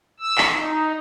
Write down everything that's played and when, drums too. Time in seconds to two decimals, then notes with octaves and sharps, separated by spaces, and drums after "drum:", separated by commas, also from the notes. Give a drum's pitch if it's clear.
0.20 E6
0.38 drum: clap
0.52 D#4